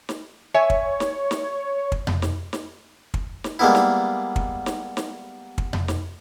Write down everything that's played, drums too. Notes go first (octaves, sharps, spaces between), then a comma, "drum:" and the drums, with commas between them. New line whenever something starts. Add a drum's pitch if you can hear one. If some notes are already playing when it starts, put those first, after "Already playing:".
drum: snare
C#5 E5 G#5
drum: kick
drum: snare
drum: snare
drum: kick
drum: tom F2
drum: snare
drum: snare
drum: kick
drum: snare
G3 G#3 A#3 B3 E4
drum: snare
drum: kick
drum: snare
drum: snare
drum: kick
drum: tom F2
drum: snare